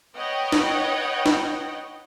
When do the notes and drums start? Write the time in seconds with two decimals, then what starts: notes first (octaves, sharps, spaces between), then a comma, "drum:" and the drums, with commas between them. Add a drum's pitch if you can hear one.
0.16 B4 C#5 D#5 F#5 G5
0.52 drum: snare
1.26 drum: snare